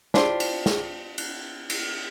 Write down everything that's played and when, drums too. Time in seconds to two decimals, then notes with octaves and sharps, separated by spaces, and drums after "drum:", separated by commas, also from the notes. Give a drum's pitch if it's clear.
0.14 D4 E4 F4 G4 C5, drum: snare G#4
0.40 drum: cymbal
0.66 drum: snare G#4
1.18 drum: cymbal
1.70 drum: cymbal